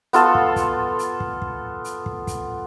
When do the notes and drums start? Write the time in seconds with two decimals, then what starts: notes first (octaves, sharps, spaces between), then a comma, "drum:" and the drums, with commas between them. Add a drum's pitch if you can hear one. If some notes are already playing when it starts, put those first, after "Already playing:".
0.13 B3 F4 A4, drum: hi-hat
0.35 drum: kick
0.56 drum: kick, hi-hat
0.99 drum: hi-hat
1.20 drum: kick
1.42 drum: kick
1.84 drum: hi-hat
2.06 drum: kick
2.27 drum: kick, hi-hat